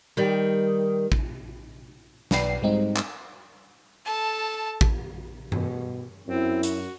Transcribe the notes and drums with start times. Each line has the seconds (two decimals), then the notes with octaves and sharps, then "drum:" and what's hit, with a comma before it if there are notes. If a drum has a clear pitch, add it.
0.17 D#3 G3
1.12 drum: kick
2.31 B1 B4 D5 G5 C7, drum: snare
2.61 G#2 G3 G#3 C4 D#4
2.96 drum: clap
4.05 A4 A5
4.81 drum: kick
5.52 B2, drum: tom G2
6.27 F#2 C4 E4
6.63 F#4, drum: hi-hat